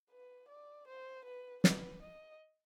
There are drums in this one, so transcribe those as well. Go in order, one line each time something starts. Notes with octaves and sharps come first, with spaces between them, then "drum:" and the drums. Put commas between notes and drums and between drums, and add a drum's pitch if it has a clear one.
B4
D5
C5
B4
B4, drum: snare
D#5